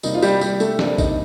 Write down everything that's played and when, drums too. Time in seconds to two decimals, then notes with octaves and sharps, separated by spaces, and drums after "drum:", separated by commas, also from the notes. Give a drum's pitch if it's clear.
0.03 C3 G3 A#3 D#4, drum: tambourine
0.15 F4
0.22 G3 G4, drum: tambourine
0.41 G3 G4, drum: tambourine
0.60 A3 A4, drum: tambourine
0.79 C3 G3 A#3 D4, drum: snare
0.98 D#4, drum: kick, tambourine